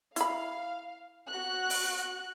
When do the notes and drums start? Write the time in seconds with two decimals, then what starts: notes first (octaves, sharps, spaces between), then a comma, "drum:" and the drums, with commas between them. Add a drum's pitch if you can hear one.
0.16 E4 F5 B5, drum: hi-hat
1.30 F#4 F#6
1.70 drum: open hi-hat